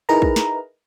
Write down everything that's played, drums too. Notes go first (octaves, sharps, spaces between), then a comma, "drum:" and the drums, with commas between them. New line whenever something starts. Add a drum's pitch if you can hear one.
D#4 E4 G#4 A#4 B4 A#5
drum: kick
drum: snare